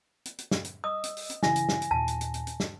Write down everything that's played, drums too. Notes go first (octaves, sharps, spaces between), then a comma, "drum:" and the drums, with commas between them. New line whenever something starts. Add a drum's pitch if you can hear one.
drum: hi-hat
drum: hi-hat
drum: snare
drum: hi-hat
D#5 D#6 E6
drum: hi-hat
drum: open hi-hat
drum: hi-hat
C#3 E3 E4 G#5 A#6, drum: snare
drum: hi-hat
drum: snare
drum: hi-hat
D#2 A#2 A5
drum: hi-hat
drum: hi-hat
drum: hi-hat
drum: hi-hat
drum: snare